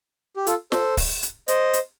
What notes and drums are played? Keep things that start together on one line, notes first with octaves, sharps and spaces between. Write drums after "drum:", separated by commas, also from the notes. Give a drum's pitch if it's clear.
G4
F4 A4, drum: hi-hat
A4 C5, drum: snare
drum: kick, open hi-hat
drum: hi-hat
C5 D#5, drum: hi-hat
drum: hi-hat